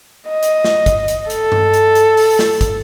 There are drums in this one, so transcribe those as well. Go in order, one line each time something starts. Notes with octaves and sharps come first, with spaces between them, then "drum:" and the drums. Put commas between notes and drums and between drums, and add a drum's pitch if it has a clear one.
D#5
drum: hi-hat
drum: snare
drum: kick, hi-hat
drum: hi-hat
A4, drum: hi-hat
drum: tom G2
drum: hi-hat
drum: hi-hat
drum: open hi-hat
drum: snare
drum: kick, hi-hat